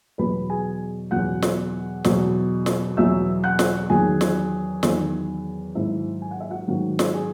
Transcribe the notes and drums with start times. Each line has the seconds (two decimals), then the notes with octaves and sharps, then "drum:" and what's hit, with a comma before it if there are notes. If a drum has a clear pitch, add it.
0.18 E2 B2 F#3 B4 B5
0.50 G#4 G#5
1.11 E2 B2 F#3 F#5 F#6
1.42 drum: snare
2.04 E2 B2 F#3, drum: snare
2.66 drum: snare
2.97 E2 B2 F#3 E5 E6
3.44 F#5 F#6
3.59 drum: snare
3.90 E2 D#3 F#3 G#4 G#5
4.21 drum: snare
4.83 E2 D#3 F#3, drum: snare
5.75 G#2 D#3 F#3 E4 E5
6.22 G#5
6.31 F#5
6.40 E5
6.50 F#4 F#5
6.67 G#2 D#3 F#3 F#4 F#5
6.99 drum: snare
7.14 G#4 G#5